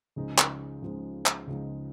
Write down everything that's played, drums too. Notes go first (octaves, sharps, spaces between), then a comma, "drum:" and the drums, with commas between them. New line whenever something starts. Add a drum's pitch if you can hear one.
C#2 C#3 F3 G#3 D#4
drum: clap
C#2 C#3 F3 G#3 D#4
drum: clap
C#2 C#3 F3 G#3 D#4